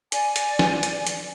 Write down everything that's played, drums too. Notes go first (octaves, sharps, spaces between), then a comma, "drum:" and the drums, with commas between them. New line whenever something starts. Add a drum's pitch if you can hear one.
D5 G#5, drum: hi-hat
drum: hi-hat
drum: snare
drum: hi-hat
drum: hi-hat